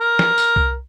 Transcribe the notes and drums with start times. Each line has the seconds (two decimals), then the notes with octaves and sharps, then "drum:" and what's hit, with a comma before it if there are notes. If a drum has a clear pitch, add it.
0.01 A#4
0.19 drum: snare
0.38 drum: tambourine
0.56 drum: kick C2